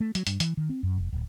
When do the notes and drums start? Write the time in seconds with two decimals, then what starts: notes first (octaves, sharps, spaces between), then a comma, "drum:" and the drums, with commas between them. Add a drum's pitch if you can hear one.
0.01 A3
0.15 F#3, drum: hi-hat
0.27 G2, drum: hi-hat
0.40 E3, drum: hi-hat
0.57 D#3
0.69 C4
0.83 F#2
0.98 F1
1.13 D1